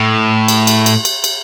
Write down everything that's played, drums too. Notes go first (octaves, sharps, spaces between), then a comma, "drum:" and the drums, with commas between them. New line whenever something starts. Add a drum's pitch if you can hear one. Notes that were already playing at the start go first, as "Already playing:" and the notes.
Already playing: A2
drum: cymbal
drum: cymbal
drum: cymbal
drum: cymbal
drum: cymbal